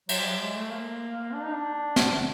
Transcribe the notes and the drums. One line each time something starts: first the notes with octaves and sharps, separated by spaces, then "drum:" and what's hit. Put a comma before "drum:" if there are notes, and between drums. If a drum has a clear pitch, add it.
F#3, drum: cymbal
G3
F#3
G#3
A3
A#3
D4
D#4
D4
drum: snare